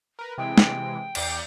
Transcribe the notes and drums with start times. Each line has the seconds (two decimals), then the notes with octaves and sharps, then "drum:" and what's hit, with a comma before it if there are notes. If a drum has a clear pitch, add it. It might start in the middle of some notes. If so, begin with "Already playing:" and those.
0.19 A#4 B4
0.38 C3 E3 G#3 G5
0.58 drum: snare
1.15 E2 D5 G6, drum: cymbal